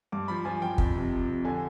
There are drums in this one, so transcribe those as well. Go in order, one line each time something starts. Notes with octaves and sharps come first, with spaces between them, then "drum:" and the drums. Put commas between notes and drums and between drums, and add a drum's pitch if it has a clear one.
G2 D6
F3 B5
F3 G#5
F3 G5
F2, drum: kick
C3
F3
C3
D3 G#5